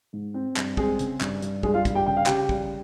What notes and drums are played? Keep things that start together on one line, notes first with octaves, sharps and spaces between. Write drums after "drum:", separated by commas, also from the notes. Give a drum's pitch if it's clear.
G#2
C4
G2, drum: clap
G#3 C4 G#4, drum: kick
C#3, drum: hi-hat
G2, drum: clap
G2, drum: hi-hat
G2 G#3 G#4, drum: kick
F4 F5
G2, drum: kick, hi-hat
G4 G5
C#3 G5
F5
C#3 G4 G5, drum: clap
G3, drum: kick